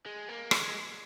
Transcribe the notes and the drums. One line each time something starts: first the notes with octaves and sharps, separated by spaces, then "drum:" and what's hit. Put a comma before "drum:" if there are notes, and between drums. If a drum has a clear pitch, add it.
G#3
A#3
G#3, drum: rim click